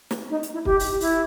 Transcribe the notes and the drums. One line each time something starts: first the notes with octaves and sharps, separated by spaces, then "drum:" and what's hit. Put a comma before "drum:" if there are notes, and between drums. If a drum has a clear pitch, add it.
drum: snare
D#4
drum: hi-hat
E4
G4, drum: kick
drum: open hi-hat
E4, drum: open hi-hat